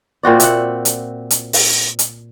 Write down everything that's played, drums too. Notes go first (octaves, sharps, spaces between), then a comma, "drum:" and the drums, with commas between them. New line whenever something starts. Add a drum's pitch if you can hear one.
A#2 C4 F#4 D5
E5 F#5, drum: hi-hat
drum: hi-hat
drum: hi-hat
drum: open hi-hat
drum: hi-hat